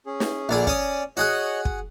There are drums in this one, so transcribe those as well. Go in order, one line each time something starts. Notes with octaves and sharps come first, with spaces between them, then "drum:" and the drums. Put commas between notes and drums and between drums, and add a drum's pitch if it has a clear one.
C#4 G#4
drum: snare
A#1 D3 G#4 D5
C#4 D#6, drum: kick
F#4 G#4 C#5 D#5 F#5 F#6
drum: kick